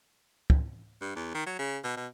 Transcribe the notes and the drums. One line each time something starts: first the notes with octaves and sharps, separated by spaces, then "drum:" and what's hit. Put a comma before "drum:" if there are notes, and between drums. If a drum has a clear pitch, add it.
drum: kick
G2
E2
D#3
F#3
C#3
B2
B2